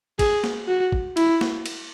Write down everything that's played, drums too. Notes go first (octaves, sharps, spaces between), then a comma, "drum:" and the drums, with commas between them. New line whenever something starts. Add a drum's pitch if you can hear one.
G#4, drum: kick, cymbal
drum: snare
F#4
drum: kick
E4, drum: cymbal
drum: snare
drum: cymbal